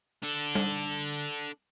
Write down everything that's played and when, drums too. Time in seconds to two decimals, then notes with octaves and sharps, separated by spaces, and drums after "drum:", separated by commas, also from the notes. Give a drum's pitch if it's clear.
0.23 D4 A4
0.55 drum: tom G3